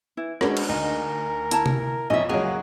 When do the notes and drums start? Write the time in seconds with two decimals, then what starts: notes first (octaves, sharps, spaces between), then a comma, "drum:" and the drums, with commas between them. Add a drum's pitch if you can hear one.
0.17 E3 E4
0.41 B2 G#3 C#4 D4 F#4 A#4 C#5, drum: rim click
0.57 drum: cymbal
0.69 D2 D#4 A#4
1.51 E4 A5 A#5, drum: hi-hat
1.66 drum: tom C3
2.10 B1 F2 C#4 D#5 E5
2.29 C#2 F#3 A#3 F#4 G#4